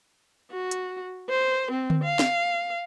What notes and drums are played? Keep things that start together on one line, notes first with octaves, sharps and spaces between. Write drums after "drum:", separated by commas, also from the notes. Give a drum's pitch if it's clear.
F#4
drum: hi-hat
C5
C4
drum: tom D3
F5
drum: snare